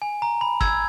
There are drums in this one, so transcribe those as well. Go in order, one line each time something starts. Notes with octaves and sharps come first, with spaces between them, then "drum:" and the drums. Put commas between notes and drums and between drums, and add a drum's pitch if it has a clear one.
G#5
A#5
B5
E6 G#6, drum: kick